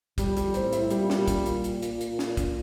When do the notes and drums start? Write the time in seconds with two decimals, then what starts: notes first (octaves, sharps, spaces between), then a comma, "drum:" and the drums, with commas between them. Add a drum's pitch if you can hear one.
0.18 F2 G3, drum: kick, hi-hat
0.37 G3, drum: hi-hat
0.54 A2 C4, drum: hi-hat
0.73 E4, drum: hi-hat
0.91 A#2 G3, drum: hi-hat
1.10 G3, drum: snare
1.28 drum: kick, hi-hat
1.46 drum: hi-hat
1.64 drum: hi-hat
1.82 drum: hi-hat
2.01 drum: hi-hat
2.19 drum: snare
2.37 drum: kick, hi-hat